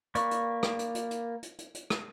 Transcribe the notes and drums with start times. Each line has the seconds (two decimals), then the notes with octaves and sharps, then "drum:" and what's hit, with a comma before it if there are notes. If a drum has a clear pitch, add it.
0.15 A#3 B4 D5 C#6, drum: hi-hat
0.31 drum: hi-hat
0.63 drum: rim click
0.79 drum: hi-hat
0.95 drum: hi-hat
1.11 drum: hi-hat
1.43 drum: hi-hat
1.59 drum: hi-hat
1.74 drum: hi-hat
1.90 drum: rim click